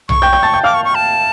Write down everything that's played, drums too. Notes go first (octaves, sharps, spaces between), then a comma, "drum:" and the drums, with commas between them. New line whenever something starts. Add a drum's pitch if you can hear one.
C#6, drum: tom B1
G5 G6
G5 G6
A5 A6
G5 G6
F5 D6 F6
C#6
C#6
A5